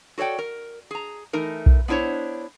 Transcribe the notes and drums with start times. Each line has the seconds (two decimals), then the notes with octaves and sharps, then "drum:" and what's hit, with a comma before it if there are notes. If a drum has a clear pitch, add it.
0.18 F#4 A4 C#5 D5 G5
0.39 A#4
0.91 G#4 A#5
1.33 E3 A3 D#4 A#4
1.66 drum: kick B1
1.88 B3 D4 E4 C5 C#5